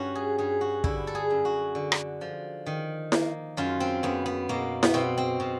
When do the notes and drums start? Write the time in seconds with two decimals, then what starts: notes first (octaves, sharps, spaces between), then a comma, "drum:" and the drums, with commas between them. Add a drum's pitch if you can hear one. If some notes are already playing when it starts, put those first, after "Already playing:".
Already playing: G2 C#4 F#4
0.15 G#4
0.38 G2 G#4
0.61 F#4
0.84 D3 E4, drum: kick
1.07 A4
1.15 G#4
1.30 F#2
1.45 F#4
1.75 D3
1.92 drum: rim click
2.21 F3
2.66 D#3
3.12 A#3, drum: snare E4
3.57 F#2 F4
3.80 C4
4.03 F#2 B3
4.26 B3
4.49 B2 A#3
4.83 B3, drum: snare E4
4.94 B2 C4
5.18 C4
5.40 B2